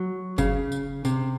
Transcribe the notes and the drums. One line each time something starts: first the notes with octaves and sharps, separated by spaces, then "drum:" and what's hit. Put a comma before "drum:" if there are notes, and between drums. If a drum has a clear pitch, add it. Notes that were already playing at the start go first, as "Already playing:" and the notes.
Already playing: F#3
C#3, drum: kick F#1, tambourine
drum: tambourine
C3, drum: tambourine